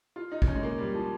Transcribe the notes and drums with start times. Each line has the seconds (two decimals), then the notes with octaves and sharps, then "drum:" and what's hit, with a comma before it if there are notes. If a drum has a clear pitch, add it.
0.16 F4
0.32 D#4
0.42 D#4, drum: kick
0.47 C#4
0.55 G#3
0.63 A#3
0.78 G3
0.94 F3